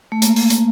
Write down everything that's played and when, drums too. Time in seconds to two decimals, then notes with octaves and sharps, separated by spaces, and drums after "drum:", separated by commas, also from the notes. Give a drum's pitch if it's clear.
0.12 A3
0.22 A#3, drum: hi-hat
0.36 drum: open hi-hat
0.50 drum: hi-hat